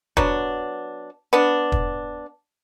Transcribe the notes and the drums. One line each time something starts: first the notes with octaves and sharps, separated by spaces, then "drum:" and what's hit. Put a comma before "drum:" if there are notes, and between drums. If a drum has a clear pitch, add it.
F#3 B3 D4, drum: kick
B3 D4
drum: kick